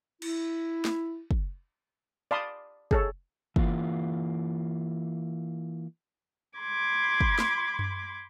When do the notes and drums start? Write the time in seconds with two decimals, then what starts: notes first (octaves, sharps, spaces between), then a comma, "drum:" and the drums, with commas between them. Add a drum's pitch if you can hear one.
0.22 E4, drum: cymbal
0.85 drum: snare
1.31 drum: kick
2.31 D5 F5 A5 B5 C6 D#6
2.91 G#4 A4 C#5, drum: kick
3.56 E3 A#3 F4, drum: kick
6.59 B5 C6 D6 G#6
7.21 drum: kick
7.39 drum: snare
7.79 drum: tom F#2